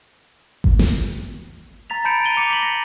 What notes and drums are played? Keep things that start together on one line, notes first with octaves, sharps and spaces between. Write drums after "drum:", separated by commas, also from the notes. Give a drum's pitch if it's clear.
drum: kick G#1
drum: snare
A#5 A6 B6 F7
A5 B5 G6 C#7 D7 F7
D7 D#7 F7 G7
D6 C#7
B6 F#7
A#6